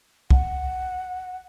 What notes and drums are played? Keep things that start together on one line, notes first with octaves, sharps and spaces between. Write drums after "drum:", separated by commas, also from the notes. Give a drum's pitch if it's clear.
F#5, drum: kick